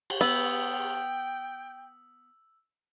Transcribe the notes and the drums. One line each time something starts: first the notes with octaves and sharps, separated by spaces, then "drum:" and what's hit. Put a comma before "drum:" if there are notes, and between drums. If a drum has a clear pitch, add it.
drum: cymbal
B3 G5 E6 F#7